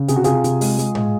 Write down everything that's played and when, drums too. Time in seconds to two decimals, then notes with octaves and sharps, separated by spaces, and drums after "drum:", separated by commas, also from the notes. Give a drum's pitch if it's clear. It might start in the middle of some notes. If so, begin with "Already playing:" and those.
Already playing: C#3
0.08 C3 G#4, drum: hi-hat
0.16 F#4
0.24 C3 F4 G#4, drum: hi-hat
0.44 C3, drum: hi-hat
0.61 G#3, drum: open hi-hat
0.79 G#3, drum: hi-hat
0.95 G#3, drum: tom A2